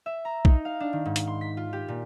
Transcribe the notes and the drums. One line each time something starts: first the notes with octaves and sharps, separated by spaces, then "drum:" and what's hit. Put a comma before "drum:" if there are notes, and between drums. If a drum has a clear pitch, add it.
E5
A#5
D#4, drum: kick
F5
D4
D#3
G#2
drum: hi-hat
C6
B6
F4
G4
A#2